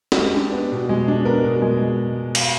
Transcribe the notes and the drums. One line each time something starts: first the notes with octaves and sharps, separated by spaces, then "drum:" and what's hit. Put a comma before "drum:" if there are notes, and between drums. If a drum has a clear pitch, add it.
F#4, drum: snare
G#3 G4
D4
B3
B2
G#3
D4
B3 A#4
B2
G#3
drum: cymbal